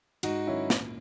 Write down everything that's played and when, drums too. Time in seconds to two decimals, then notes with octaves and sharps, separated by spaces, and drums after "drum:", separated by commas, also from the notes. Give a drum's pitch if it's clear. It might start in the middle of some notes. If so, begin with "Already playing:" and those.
0.23 G#2 D#4 F#4, drum: cymbal
0.47 D#3 F#3 C#4 E4
0.70 A#2, drum: snare